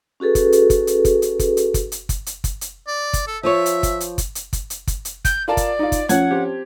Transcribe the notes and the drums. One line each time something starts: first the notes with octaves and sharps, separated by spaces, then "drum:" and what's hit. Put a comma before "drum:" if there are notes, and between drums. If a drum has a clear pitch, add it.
C#4 F#4 G#4 A4 B4
drum: kick, hi-hat
drum: hi-hat
drum: kick, hi-hat
drum: hi-hat
drum: kick, hi-hat
drum: hi-hat
drum: kick, hi-hat
drum: hi-hat
drum: kick, hi-hat
drum: hi-hat
drum: kick, hi-hat
drum: hi-hat
drum: kick, hi-hat
drum: hi-hat
D5
drum: kick, hi-hat
A4
F3 F4 C#5 E5
drum: hi-hat
drum: kick, hi-hat
drum: hi-hat
drum: kick, hi-hat
drum: hi-hat
drum: kick, hi-hat
drum: hi-hat
drum: kick, hi-hat
drum: hi-hat
G6, drum: kick, hi-hat
F4 A#4 D5 A5
drum: kick, hi-hat
D#4 F4
drum: kick, hi-hat
F3 C#4 F#5 G#6, drum: hi-hat
C4 G4